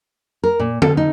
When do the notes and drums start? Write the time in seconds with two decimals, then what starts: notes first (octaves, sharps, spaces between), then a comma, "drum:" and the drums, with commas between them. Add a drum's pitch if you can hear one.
0.44 A#4
0.59 A#2
0.82 A4, drum: tom D3
0.97 D#4